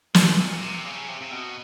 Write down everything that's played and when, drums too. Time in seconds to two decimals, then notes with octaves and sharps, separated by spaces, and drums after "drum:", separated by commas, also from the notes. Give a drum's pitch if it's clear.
0.14 B2, drum: snare
0.38 A#2
0.61 C3
0.85 C#3
1.09 C3
1.21 C3
1.32 B2